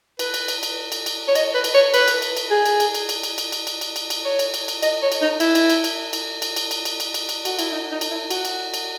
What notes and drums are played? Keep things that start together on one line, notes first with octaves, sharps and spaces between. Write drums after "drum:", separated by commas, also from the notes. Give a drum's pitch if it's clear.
B4, drum: cymbal
drum: cymbal
drum: cymbal
drum: cymbal
drum: cymbal
drum: cymbal
C#5
D#5, drum: cymbal
B4
drum: cymbal
C#5
B4, drum: cymbal
drum: cymbal
drum: cymbal
drum: cymbal
G#4
drum: cymbal
drum: cymbal
drum: cymbal
drum: cymbal
drum: cymbal
drum: cymbal
drum: cymbal
drum: cymbal
drum: cymbal
drum: cymbal
drum: cymbal
C#5
drum: cymbal
drum: cymbal
drum: cymbal
D#5, drum: cymbal
C#5
drum: cymbal
D#4
E4, drum: cymbal
drum: cymbal
drum: cymbal
drum: cymbal
drum: cymbal
drum: cymbal
drum: cymbal
drum: cymbal
drum: cymbal
drum: cymbal
drum: cymbal
drum: cymbal
F#4, drum: cymbal
E4, drum: cymbal
D#4
D#4
drum: cymbal
E4
F#4, drum: cymbal
drum: cymbal
drum: cymbal